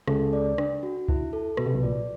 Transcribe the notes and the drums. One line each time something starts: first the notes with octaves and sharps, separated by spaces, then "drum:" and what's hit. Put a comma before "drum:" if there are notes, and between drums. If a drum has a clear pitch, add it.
C#2 C#3 A4, drum: rim click
D5
D4, drum: rim click
F#4
E4, drum: kick C#2
A4
B2 B4, drum: rim click
C3
B1 B2
A#1 A#2 D5